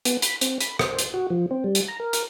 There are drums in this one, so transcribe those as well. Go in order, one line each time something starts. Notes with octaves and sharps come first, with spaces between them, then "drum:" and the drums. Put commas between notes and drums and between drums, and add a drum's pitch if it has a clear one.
B3, drum: hi-hat
B5, drum: hi-hat
C4, drum: hi-hat
B5, drum: hi-hat
C5, drum: rim click
drum: hi-hat
F#4
F3
C4
G3
drum: hi-hat
A#5
A#4
drum: hi-hat